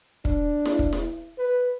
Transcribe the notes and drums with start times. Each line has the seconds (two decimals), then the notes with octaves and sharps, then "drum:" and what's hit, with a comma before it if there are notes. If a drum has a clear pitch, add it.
0.25 D4, drum: kick
0.65 drum: snare E4
0.79 drum: kick
0.93 drum: snare E4
1.38 B4